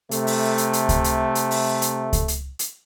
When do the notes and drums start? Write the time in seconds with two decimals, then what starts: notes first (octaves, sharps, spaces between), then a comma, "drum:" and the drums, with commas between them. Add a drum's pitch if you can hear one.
0.11 C3 A3, drum: hi-hat
0.27 drum: open hi-hat
0.58 drum: hi-hat
0.73 drum: hi-hat
0.89 drum: kick C#2, hi-hat
1.04 drum: hi-hat
1.35 drum: hi-hat
1.51 drum: open hi-hat
1.82 drum: hi-hat
2.13 drum: kick C#2, hi-hat
2.28 drum: hi-hat
2.59 drum: hi-hat